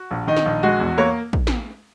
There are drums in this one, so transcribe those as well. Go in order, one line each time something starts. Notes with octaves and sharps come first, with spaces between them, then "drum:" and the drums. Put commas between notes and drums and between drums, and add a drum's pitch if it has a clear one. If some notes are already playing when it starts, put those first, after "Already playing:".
Already playing: F#4
A#1
D#3 D#4
drum: snare
A#1
G#3 F#4
E2
A#3 C#5
drum: kick
drum: snare